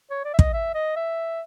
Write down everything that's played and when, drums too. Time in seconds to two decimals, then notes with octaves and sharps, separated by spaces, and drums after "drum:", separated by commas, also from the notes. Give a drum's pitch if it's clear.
0.11 C#5
0.25 D5
0.34 E5
0.39 D#5, drum: kick
0.53 E5
0.75 D#5
0.96 E5